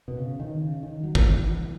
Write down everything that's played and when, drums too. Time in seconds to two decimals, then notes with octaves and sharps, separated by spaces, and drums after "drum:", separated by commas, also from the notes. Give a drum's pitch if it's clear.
0.08 B2
0.18 C#3
0.40 D#3
0.61 C#3
0.83 D#3
1.04 F#3
1.15 E3, drum: kick
1.25 D#3
1.35 E3